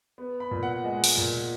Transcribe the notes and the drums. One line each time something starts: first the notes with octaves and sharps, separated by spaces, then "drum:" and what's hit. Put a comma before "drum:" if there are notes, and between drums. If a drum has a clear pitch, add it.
B3
B5
A#2
F#5
G#3
drum: open hi-hat
A#2